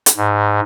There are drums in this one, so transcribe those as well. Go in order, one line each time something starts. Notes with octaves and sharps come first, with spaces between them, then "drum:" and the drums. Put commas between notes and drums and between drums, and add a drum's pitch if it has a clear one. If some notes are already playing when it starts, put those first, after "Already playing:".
drum: hi-hat
G#2